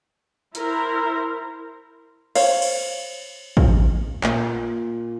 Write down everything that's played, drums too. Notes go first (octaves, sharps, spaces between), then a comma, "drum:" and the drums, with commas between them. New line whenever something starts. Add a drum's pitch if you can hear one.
E4 A#4 C5, drum: hi-hat
C5 C#5 F5, drum: cymbal
drum: cymbal
drum: kick
A#2, drum: clap